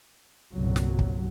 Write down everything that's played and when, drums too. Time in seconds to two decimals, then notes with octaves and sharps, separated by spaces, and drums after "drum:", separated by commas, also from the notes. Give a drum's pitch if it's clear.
0.53 G1 C2 A#2 F#3
0.76 drum: snare
0.99 drum: kick